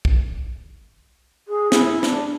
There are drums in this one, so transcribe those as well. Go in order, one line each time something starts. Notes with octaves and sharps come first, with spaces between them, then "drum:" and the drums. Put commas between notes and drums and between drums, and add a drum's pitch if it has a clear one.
drum: kick
G#4
E4, drum: snare
D4, drum: snare